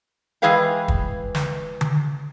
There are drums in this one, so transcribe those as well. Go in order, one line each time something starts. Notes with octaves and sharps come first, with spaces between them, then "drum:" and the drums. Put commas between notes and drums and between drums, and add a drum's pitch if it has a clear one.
E3 G#3 G#4 B4 F5 G5
drum: kick
drum: snare
drum: tom D3